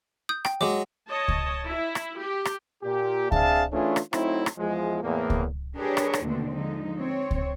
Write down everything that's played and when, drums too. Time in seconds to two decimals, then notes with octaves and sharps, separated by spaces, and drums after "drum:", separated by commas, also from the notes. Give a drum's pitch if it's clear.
0.29 D#6 G6
0.45 G5, drum: rim click
0.61 F#3 G#3 D6
1.09 C#5 D#5 A5
1.28 drum: kick C#2
1.67 E4
1.95 drum: rim click
2.21 G4
2.45 drum: rim click
2.83 A#2 G4
3.32 C4 D4 G#4 E5 F5 A5, drum: kick C#2
3.72 E3 A3 C#4 D4 F4 G#4
3.96 drum: rim click
4.13 F#3 A3 C4 D#4 E4, drum: rim click
4.46 drum: rim click
4.58 E2 F3 G#3
5.03 E2 A2 A#3
5.30 drum: kick C#2
5.76 D4 G4 G#4 A#4 B4 C#5
5.97 drum: rim click
6.14 drum: rim click
6.24 D#2 B2 D3 A3 C4 D4
6.54 D3 F3 G#3 D#4
6.98 C4 C#5
7.31 drum: kick C#2